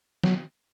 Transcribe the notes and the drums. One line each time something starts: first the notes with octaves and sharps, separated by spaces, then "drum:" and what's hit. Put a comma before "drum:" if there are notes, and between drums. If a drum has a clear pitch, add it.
F#3, drum: snare